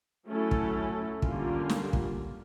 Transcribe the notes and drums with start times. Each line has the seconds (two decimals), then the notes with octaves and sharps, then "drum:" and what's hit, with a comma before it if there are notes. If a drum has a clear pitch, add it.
0.28 F#3 A3 C#4 E4 A4
0.51 drum: kick
1.22 D3 G3 A#3 C#4 F4, drum: kick
1.69 drum: snare
1.93 drum: kick